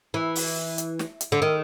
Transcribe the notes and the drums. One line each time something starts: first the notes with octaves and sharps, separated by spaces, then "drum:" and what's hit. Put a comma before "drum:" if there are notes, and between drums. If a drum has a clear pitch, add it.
E3
drum: open hi-hat
drum: hi-hat
drum: snare
drum: hi-hat
D3
D#3